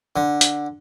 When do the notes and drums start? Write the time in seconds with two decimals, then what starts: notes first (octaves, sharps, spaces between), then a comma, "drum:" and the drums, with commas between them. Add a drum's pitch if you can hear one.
0.16 D3
0.41 drum: hi-hat